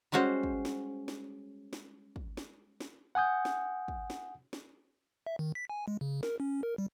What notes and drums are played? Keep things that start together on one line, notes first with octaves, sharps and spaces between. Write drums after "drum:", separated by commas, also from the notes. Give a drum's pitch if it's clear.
G3 G#3 C#4 F#4 C5
drum: kick
drum: snare
drum: snare
drum: snare
drum: kick
drum: snare
drum: snare
F#5 G#5 D#6 G6
drum: snare
drum: kick
drum: snare
drum: snare
E5
D#3
B6
G#5
G#3
C#3
A#4, drum: snare
C#4
A#4
G3